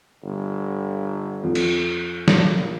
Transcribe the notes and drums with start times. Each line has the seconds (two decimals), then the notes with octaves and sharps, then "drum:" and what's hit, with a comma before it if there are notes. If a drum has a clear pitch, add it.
0.22 G1
1.44 F2
1.55 drum: cymbal
2.28 A#1, drum: snare